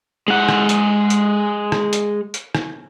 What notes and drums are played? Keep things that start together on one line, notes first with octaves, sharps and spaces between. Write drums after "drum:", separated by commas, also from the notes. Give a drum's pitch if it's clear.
G#3 F#5
drum: rim click
drum: hi-hat
drum: hi-hat
drum: rim click
drum: hi-hat
drum: hi-hat
drum: rim click